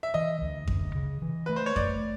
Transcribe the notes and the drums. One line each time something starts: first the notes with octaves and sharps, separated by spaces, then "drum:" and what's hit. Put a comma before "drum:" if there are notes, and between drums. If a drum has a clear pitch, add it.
E5
E3 D#5
D2
D2, drum: kick F2
C#3
E3
A3 B4
C5
C#5
A3 D5, drum: kick F2